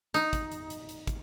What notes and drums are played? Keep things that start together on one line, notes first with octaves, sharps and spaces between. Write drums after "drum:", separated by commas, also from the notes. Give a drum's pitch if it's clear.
D#4, drum: hi-hat
drum: kick, hi-hat
drum: hi-hat
drum: hi-hat
drum: hi-hat
drum: kick, hi-hat